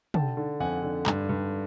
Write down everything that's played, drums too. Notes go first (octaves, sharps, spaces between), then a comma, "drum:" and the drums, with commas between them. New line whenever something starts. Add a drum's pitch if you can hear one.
D3 G5 A5, drum: tom
D3
F2 F#5 G#5
D3
G2, drum: clap
G2